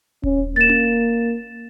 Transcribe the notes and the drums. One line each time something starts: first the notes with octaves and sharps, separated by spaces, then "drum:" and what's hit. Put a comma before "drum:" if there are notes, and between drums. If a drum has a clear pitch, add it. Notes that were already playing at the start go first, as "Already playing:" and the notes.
C#4, drum: kick D#1
A#3 A6 E7
drum: tom C#4